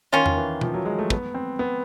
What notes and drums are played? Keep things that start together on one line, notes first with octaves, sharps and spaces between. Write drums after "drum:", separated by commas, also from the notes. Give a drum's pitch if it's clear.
D#3 A#3 C#4 F4
drum: tom E2
E3
F3, drum: tom B2
F#3
G#3
A3
B3, drum: kick
C4
B3